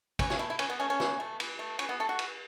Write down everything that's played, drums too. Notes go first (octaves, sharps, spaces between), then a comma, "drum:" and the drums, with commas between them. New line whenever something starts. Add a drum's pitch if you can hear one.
E3 C#4, drum: kick, cymbal
C#4, drum: snare
A3 E4
E4
E3 C#4, drum: cymbal
B3
A3 C#4
C#4
E3, drum: snare
A3
E3, drum: cymbal
A3
E3 C#4, drum: cymbal
B3
A3 A4
F#4
E3, drum: cymbal